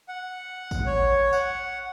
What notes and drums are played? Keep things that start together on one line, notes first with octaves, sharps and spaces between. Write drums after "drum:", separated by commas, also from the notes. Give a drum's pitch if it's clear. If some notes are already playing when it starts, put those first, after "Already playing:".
F#5
drum: kick A1, tambourine
C#5
F#5, drum: tambourine